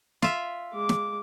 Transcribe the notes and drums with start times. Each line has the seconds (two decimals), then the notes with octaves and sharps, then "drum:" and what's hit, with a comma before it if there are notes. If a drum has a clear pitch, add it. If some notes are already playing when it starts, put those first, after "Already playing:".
0.22 F4 E5, drum: snare
0.74 G#3 D6
0.89 drum: snare